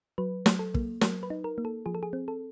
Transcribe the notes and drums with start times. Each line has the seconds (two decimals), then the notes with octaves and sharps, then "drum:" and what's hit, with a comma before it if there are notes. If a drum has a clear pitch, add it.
0.18 F#3 B4
0.46 F#3, drum: snare
0.59 A4
0.74 A#3, drum: kick
1.01 F#3 A#4, drum: snare
1.23 B4
1.30 D#4
1.44 A#4
1.58 A#3
1.65 A4
1.86 F3 G#4
1.95 A4
2.03 G#4
2.13 C4
2.28 A4